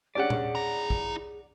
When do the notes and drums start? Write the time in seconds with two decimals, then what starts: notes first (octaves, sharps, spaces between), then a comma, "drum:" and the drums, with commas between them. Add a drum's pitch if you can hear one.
0.15 C#4 D4 G4 G#4 D5 F#5
0.30 drum: tom A#2
0.55 E4 A#5
0.90 drum: kick